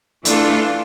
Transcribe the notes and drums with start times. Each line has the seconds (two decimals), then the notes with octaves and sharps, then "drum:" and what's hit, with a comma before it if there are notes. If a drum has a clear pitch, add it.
0.25 E3 A3 D4 F4 A4, drum: hi-hat